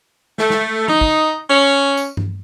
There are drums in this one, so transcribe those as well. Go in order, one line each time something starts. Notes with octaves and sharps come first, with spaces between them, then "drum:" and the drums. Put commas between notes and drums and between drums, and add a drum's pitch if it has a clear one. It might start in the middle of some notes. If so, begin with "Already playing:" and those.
A3, drum: snare
drum: snare
D#4, drum: tom
drum: kick
C#4
drum: tambourine
drum: tom G2